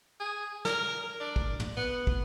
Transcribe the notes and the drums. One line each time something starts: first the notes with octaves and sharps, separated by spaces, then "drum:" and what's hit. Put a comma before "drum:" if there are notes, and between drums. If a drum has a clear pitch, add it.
G#4
A#4, drum: snare
D4
drum: kick
drum: tom
B3
drum: kick